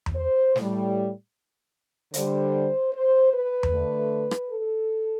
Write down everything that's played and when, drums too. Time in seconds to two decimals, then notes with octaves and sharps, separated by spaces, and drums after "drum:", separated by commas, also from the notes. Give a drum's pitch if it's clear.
0.06 drum: tom E2
0.16 C5
0.56 A2 G3, drum: snare
2.14 D3 G3 C5, drum: hi-hat
2.93 C5
3.33 B4
3.63 drum: tom E2
3.73 D3 A3
4.31 drum: rim click
4.51 A4